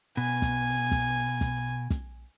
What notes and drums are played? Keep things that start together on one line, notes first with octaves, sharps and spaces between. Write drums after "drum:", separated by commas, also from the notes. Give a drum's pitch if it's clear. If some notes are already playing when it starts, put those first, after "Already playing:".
B2 G#5
drum: kick, hi-hat
drum: kick, hi-hat
drum: kick, hi-hat
drum: kick, hi-hat